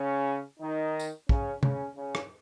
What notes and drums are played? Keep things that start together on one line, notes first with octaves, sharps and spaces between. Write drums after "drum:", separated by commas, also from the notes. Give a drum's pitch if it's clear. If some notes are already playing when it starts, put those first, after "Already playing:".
Already playing: C#3 C#4
D#3 D#4
drum: tambourine
C#3 C#4, drum: kick
C#3 C#4, drum: tom C3
C#3 C#4
drum: rim click